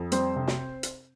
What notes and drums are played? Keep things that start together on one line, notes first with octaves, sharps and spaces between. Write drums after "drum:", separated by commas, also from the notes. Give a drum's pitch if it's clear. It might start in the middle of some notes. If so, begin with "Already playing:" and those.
Already playing: F2
G3 C4 C5, drum: hi-hat
C3
drum: snare
drum: hi-hat